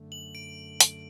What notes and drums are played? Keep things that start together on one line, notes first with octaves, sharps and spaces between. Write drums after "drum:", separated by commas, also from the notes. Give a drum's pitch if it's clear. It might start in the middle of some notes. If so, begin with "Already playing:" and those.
Already playing: F#2 D3 A3
F#7
D7
drum: hi-hat